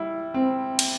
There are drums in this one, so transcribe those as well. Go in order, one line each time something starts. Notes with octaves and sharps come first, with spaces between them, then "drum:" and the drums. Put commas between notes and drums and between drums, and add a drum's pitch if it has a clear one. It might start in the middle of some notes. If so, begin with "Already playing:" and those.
Already playing: G3 E4
C4
drum: cymbal